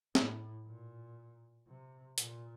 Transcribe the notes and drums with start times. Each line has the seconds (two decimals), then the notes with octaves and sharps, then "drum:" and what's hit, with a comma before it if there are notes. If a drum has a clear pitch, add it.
0.15 A2, drum: snare
0.65 A#2
1.67 C3
2.18 A#2, drum: hi-hat